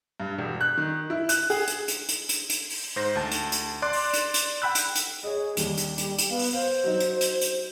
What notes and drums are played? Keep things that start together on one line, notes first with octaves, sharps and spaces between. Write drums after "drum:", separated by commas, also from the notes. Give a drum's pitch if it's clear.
G2
E1
F#6
D#3
E4
F#6, drum: hi-hat
G#4, drum: open hi-hat
drum: hi-hat
drum: hi-hat
drum: hi-hat
drum: hi-hat
drum: hi-hat
drum: open hi-hat
G#2 C5 A#6
D2 A5
drum: hi-hat
drum: hi-hat
D5 C6 D6 F#6
drum: open hi-hat
drum: hi-hat
drum: hi-hat
F#5 G5 B5 E6 F#6
drum: hi-hat
drum: hi-hat
G#4 C#5 D#5
D#2 G3 G7, drum: hi-hat
drum: hi-hat
drum: hi-hat
drum: hi-hat
B3 F5
drum: open hi-hat
C5 F5
F#3 D#4
drum: hi-hat
drum: hi-hat
drum: hi-hat